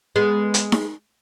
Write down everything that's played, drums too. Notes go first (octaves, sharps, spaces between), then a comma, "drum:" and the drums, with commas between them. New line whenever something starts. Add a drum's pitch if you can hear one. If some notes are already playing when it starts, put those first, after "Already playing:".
G#3 B3
drum: hi-hat
drum: snare D#4